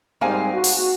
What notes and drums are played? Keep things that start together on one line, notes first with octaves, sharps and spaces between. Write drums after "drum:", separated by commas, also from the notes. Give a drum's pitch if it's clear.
G#2 G3 A#3 C4 F5 G#5
F#4
drum: open hi-hat